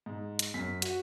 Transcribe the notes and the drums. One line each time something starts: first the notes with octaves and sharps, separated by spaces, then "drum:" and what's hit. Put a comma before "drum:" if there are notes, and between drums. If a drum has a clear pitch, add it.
G#2
drum: hi-hat
F#2 B6
F#4, drum: hi-hat